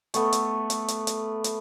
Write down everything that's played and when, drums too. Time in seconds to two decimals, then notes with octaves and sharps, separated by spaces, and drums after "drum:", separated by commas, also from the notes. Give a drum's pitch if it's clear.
0.14 A3 B3, drum: hi-hat
0.33 drum: hi-hat
0.70 drum: hi-hat
0.88 drum: hi-hat
1.07 drum: hi-hat
1.44 drum: hi-hat